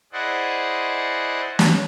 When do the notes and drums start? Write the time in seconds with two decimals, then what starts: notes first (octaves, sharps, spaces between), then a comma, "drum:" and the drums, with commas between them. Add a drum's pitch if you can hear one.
0.13 E4 G#4 C5 D5 D#5 F#5
1.59 drum: snare